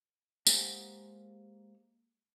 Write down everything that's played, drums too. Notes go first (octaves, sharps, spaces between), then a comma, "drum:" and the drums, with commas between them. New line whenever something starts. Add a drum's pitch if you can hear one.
G#3 A#3 G4 C5 F#5, drum: tambourine